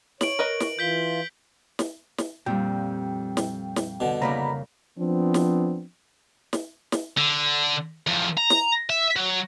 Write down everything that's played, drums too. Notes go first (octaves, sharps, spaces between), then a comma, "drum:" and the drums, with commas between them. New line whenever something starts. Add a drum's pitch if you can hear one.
C#5 D7 F#7, drum: snare
A#4 B4 D#5
drum: snare
E3 F4 G6 B6 G7
drum: snare
drum: snare
F2 A#2 G3 G5
drum: snare
drum: snare
B2 D3
C#3 A#3 D5 A#5 B5
F3 B3 C4 D4
drum: snare
drum: snare
drum: snare
D3
E2 F3
A#5
drum: snare
E5
F#3